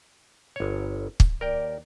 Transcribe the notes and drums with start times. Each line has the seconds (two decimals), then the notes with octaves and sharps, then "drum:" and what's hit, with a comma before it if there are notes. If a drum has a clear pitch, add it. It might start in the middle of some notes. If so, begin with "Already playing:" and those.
0.56 G1 C#5
1.20 drum: kick
1.41 D#2 A#4 D5 G5